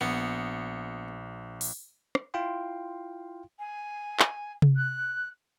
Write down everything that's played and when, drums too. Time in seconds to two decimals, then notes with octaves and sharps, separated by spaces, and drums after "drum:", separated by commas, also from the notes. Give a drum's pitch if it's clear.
0.01 A#1 B3
1.61 drum: open hi-hat
2.15 drum: rim click
2.34 E4 F4 F5 G5 C6
3.59 G#5
4.19 drum: clap
4.62 drum: tom C3
4.76 F#6